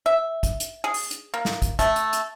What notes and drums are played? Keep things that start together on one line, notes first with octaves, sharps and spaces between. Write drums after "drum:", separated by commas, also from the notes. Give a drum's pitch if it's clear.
E5
drum: kick, hi-hat
drum: hi-hat
G#4
drum: open hi-hat
drum: hi-hat
A#3
drum: snare
drum: kick, hi-hat
A3, drum: kick, hi-hat
drum: hi-hat
drum: hi-hat